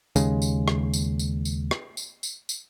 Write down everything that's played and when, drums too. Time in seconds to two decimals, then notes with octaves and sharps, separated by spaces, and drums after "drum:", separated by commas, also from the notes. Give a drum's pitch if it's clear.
0.16 D#2 C#3 G#3, drum: tambourine
0.42 drum: tambourine
0.68 drum: rim click
0.94 drum: tambourine
1.19 drum: tambourine
1.45 drum: tambourine
1.71 drum: rim click
1.97 drum: tambourine
2.23 drum: tambourine
2.49 drum: tambourine